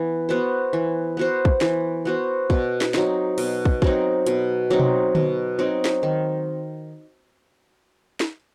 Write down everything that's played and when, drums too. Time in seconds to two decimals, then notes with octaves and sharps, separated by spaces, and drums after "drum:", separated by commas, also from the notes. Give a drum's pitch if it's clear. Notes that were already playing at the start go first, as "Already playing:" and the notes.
Already playing: E3 B3
0.29 B3 F#4 C5
0.73 E3
1.17 B3 F#4 C5
1.45 drum: kick
1.61 E3, drum: snare
2.05 B3 F#4 C5
2.50 B2, drum: kick
2.81 drum: snare
2.94 F#3 C4 D#4, drum: snare
3.38 B2, drum: open hi-hat
3.65 drum: kick
3.82 F#3 C4 D#4, drum: kick
4.26 B2, drum: hi-hat
4.70 F#3 C4 D#4
4.80 drum: tom B2
5.15 B2, drum: tom D3
5.59 F#3 C4 D#4
5.85 drum: snare
6.03 D#3
8.20 drum: snare